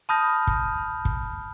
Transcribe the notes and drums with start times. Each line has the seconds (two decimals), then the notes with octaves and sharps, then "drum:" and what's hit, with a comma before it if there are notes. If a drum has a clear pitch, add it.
0.09 A5 B5 D#6 F6 G6 A#6
0.47 drum: kick
1.05 drum: kick